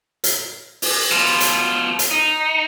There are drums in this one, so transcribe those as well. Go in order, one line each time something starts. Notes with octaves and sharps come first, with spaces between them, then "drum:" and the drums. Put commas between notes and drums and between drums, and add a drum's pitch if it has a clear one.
drum: hi-hat
drum: open hi-hat
B2 F4
drum: hi-hat
drum: hi-hat
D#4